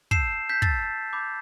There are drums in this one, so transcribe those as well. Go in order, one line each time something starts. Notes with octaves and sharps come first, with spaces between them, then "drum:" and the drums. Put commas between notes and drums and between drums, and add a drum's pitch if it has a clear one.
A5 E6 G6 C7 E7, drum: kick
G6 B6
A5 E6 G6 A6, drum: kick
B5 D6 G6